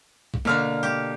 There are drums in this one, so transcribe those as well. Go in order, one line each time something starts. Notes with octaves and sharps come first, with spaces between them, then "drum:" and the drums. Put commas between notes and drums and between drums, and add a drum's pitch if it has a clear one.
drum: kick A#1
B2 D3 A#3 D4 F6
G4